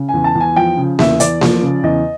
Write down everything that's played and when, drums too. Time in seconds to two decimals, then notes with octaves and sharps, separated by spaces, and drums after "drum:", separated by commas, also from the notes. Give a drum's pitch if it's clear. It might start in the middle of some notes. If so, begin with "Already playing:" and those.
Already playing: C#3
0.09 E2 G#5
0.24 A5
0.35 E2
0.40 G#5
0.56 F3 G5
0.77 C#3
0.99 E2 E5, drum: snare A#3
1.20 E2 D5, drum: hi-hat
1.41 F3, drum: snare A#3
1.62 C#3
1.83 E2 D#5